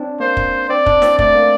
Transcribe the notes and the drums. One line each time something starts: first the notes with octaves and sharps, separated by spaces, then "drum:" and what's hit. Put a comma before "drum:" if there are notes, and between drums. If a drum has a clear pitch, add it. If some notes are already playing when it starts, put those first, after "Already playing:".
Already playing: C4 D4
A#3 C5
drum: kick
C4 D5
D4, drum: kick
C4, drum: snare
A3 D5, drum: kick
A#3